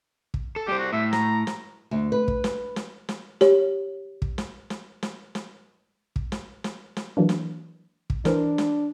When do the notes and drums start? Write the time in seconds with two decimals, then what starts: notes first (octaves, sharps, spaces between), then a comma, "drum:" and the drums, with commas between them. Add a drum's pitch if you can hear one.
0.34 drum: kick
0.56 A4
0.67 G3 G4 C5
0.79 F#4
0.93 A2 E5
1.13 A#5, drum: snare
1.47 drum: snare
1.91 D2
2.12 B4
2.28 drum: kick
2.44 drum: snare
2.76 drum: snare
3.09 drum: snare
3.41 G4 C#5, drum: snare
4.22 drum: kick
4.38 drum: snare
4.70 drum: snare
5.03 drum: snare
5.35 drum: snare
6.16 drum: kick
6.32 drum: snare
6.64 drum: snare
6.97 drum: snare
7.17 E3 F#3 A#3 D4
7.29 drum: snare
8.10 drum: kick
8.25 E3 D4 A#4 C5, drum: snare
8.58 drum: snare